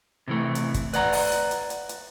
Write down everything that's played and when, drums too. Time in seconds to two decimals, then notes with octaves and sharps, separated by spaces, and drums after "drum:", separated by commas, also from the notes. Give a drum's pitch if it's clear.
0.28 C3 E3 A3
0.55 drum: hi-hat
0.74 drum: kick, hi-hat
0.93 B4 D5 F#5 A#5, drum: hi-hat
1.13 drum: open hi-hat
1.32 drum: hi-hat
1.51 drum: hi-hat
1.70 drum: hi-hat
1.89 drum: hi-hat